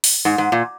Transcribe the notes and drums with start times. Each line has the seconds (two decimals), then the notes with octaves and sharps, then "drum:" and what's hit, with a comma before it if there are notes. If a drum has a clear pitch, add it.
0.04 drum: open hi-hat
0.25 G#2
0.38 G#2
0.52 A#2